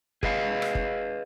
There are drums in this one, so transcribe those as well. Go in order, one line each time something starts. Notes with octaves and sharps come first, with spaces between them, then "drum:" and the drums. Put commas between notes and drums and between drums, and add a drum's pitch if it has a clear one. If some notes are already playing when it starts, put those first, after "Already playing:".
G#4 B4 D#5 F5, drum: kick
drum: rim click
drum: kick